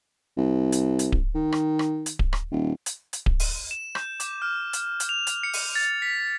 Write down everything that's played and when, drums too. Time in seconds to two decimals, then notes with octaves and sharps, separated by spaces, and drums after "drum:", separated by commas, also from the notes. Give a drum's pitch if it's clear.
0.37 C2
0.72 drum: hi-hat
0.99 drum: hi-hat
1.12 drum: kick D1
1.35 D#3
1.52 drum: rim click
1.79 drum: rim click
2.06 drum: hi-hat
2.19 drum: kick D1
2.33 drum: rim click
2.51 D#1
2.86 drum: hi-hat
3.13 drum: hi-hat
3.26 drum: kick D1
3.40 drum: open hi-hat
3.71 E7
3.95 G6, drum: rim click
4.20 D6, drum: hi-hat
4.42 F6
4.73 drum: hi-hat
5.00 drum: hi-hat
5.09 F7
5.27 drum: hi-hat
5.43 C#7
5.53 drum: open hi-hat
5.76 A6
6.02 B6